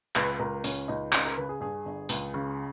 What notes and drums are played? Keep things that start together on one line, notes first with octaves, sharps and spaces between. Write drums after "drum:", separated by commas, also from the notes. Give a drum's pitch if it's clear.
C#2 B4, drum: clap
C#2 A#4
C#2 C#4, drum: open hi-hat
C#2 D#4
C#3 D#4, drum: clap
A#4
C#3 B4
G#4
G2 G#4
G1
C#2, drum: open hi-hat
C#3